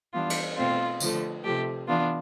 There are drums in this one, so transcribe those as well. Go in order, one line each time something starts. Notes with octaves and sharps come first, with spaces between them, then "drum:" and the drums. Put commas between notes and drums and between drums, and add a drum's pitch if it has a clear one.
E3 G3 B3 D4 F4
drum: cymbal
B2 A3 C4 F4
D3 F3 A3, drum: tambourine
C3 F3 A3 G4
E3 B3 D4 F4